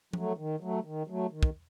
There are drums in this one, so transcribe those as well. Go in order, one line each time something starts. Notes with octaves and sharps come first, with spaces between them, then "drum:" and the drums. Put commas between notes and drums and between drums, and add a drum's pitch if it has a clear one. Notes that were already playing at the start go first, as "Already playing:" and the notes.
F#3 A3, drum: tom F3
D#3
F#3 A3
D#3
F#3 A3
D#3
drum: kick